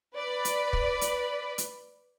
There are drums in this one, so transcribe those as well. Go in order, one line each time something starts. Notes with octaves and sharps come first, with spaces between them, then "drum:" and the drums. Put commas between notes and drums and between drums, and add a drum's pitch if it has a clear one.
B4 D5 B5
drum: hi-hat
drum: kick
drum: hi-hat
drum: hi-hat